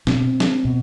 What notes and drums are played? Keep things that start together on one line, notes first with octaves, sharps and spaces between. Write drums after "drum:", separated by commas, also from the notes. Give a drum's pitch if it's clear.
B2 C4, drum: snare
drum: snare
B2